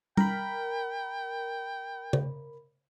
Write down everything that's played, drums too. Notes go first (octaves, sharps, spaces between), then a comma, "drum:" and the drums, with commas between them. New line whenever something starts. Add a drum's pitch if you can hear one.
A#4 G5 B5, drum: tom G3
drum: tom C#3